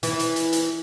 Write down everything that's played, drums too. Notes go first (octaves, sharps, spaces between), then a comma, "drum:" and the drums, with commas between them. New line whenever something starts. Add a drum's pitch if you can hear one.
E3, drum: hi-hat
drum: hi-hat
drum: hi-hat
drum: hi-hat